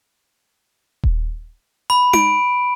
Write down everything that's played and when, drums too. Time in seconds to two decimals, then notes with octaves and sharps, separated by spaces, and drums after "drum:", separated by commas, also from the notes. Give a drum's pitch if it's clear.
1.03 drum: kick D#1
1.90 B5
2.13 D7, drum: tom D#4